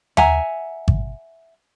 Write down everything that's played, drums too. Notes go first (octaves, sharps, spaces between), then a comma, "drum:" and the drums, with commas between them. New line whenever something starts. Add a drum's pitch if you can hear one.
E5 F#5 G#5 A#5, drum: tom D#2
drum: kick G#1